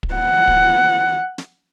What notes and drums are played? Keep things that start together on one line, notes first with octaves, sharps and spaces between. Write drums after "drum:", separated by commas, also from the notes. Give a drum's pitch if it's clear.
drum: kick
F#5
drum: kick
drum: snare